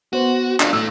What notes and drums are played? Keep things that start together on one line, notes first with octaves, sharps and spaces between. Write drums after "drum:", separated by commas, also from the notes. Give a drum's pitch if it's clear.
B3 F#4 C5
D4 F4, drum: clap
A2 A3 E6